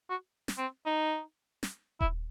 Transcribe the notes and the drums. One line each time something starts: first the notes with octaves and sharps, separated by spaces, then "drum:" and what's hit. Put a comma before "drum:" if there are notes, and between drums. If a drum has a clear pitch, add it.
F#4
drum: snare
C4
D#4
drum: snare
E4, drum: kick D#1